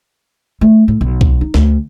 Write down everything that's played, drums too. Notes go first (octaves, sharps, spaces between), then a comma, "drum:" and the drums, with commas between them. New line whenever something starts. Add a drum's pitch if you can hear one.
A3
A2
B1
drum: kick
D#4
D2, drum: snare